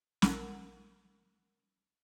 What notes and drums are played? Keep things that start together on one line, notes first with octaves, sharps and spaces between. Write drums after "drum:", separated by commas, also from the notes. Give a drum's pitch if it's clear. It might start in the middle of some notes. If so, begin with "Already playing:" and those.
A#1 A#4 F#5, drum: snare